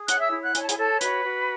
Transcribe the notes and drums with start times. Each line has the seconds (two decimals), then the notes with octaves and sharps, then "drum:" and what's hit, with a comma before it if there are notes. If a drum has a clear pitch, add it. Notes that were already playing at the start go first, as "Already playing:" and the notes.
Already playing: G#4
0.08 C#5 F#5 F#6, drum: hi-hat
0.20 E5 E6
0.31 E4
0.43 F#5 F#6
0.55 C#5 G#5, drum: hi-hat
0.63 A5
0.69 G#4 G#5, drum: hi-hat
0.78 A4 C#5 A5
1.01 F#4 B4 B5, drum: hi-hat
1.25 F#4